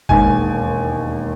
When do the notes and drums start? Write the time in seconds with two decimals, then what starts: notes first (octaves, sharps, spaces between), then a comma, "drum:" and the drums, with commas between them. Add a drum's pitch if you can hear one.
0.09 E1 D#2 D#3 G#3 G#5, drum: kick